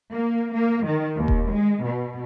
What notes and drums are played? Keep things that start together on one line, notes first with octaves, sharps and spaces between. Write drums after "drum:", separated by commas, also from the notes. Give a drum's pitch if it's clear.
A#3
A#3
D#3
D#2
drum: kick E1
G#3
B2